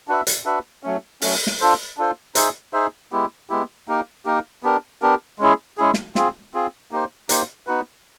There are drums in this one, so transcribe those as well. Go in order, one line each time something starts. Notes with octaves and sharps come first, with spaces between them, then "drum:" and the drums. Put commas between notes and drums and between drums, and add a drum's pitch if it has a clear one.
D4 F#4 B4 E5
drum: hi-hat
D4 F#4 B4 E5
F#3 A3 C#4
F#3 A3 C#4, drum: open hi-hat
drum: snare
D4 F4 A4 C5
D4 F4 A4 C5
D#4 G#4 C5 E5, drum: hi-hat
D#4 G#4 C5 E5
G#3 B3 E4 G4
G#3 B3 E4 G4
A#3 D#4 G4 A#4
A#3 D#4 G4 A#4
B3 D4 G4 A#4
B3 D4 G4 A#4
G#3 C#4 E4 G#4
G#3 C#4 E4 G#4
drum: snare
C4 F4 G#4, drum: snare
C4 F4 G#4
A#3 D#4 G4 C5
A#3 D#4 G4 C5, drum: hi-hat
B3 D#4 F#4 B4